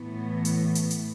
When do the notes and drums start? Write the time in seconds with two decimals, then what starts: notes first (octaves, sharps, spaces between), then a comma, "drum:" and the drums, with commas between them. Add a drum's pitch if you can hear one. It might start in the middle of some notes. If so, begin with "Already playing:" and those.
Already playing: A2 E3 B3
0.45 drum: hi-hat
0.75 drum: hi-hat
0.91 drum: hi-hat